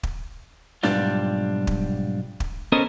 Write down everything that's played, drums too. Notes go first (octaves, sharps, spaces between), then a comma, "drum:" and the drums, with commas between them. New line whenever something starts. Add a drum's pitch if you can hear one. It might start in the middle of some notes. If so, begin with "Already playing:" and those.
drum: kick
B1 G#2 G3 D4 F4, drum: snare
drum: kick
drum: kick
B3 C#4 A4 A#4 C5 D#5